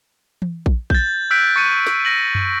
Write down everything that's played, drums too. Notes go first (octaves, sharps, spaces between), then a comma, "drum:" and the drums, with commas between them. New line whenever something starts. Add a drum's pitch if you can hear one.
drum: tom E3
drum: kick A#1
G6 A6, drum: kick A#1
E6 F#6 G6 B6 D7
C#6 A6 C#7 D#7
drum: snare
A#6 F#7
drum: tom F#2